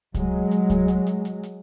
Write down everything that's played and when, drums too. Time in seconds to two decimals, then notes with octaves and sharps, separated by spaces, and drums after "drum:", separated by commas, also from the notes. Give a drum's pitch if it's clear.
0.15 F#3 G#3, drum: kick C2, hi-hat
0.51 drum: hi-hat
0.70 drum: kick C2, hi-hat
0.88 drum: hi-hat
1.07 drum: hi-hat
1.25 drum: hi-hat
1.43 drum: hi-hat